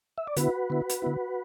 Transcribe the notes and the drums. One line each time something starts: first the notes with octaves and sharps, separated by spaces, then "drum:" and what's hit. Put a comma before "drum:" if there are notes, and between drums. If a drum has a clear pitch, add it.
E5
D5
D3 B3 E4 F#4 B4, drum: hi-hat
D3 B3 E4
drum: hi-hat
D3 B3 E4